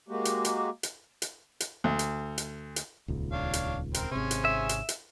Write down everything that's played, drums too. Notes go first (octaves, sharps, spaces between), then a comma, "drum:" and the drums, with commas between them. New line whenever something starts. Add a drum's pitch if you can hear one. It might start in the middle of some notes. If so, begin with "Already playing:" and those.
G#3 A#3 F#4 G4
drum: hi-hat
drum: hi-hat
drum: hi-hat
drum: hi-hat
drum: hi-hat
D2
drum: hi-hat
drum: hi-hat
drum: hi-hat
D#1 C#2
D4 C#5 F5
drum: hi-hat
C4 A#4, drum: hi-hat
G#1 C3 C#4 G#4 C5
drum: hi-hat
E5
drum: hi-hat
drum: hi-hat